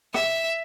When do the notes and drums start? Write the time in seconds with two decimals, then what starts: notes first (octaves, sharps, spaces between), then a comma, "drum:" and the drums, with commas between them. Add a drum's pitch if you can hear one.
0.14 E5, drum: rim click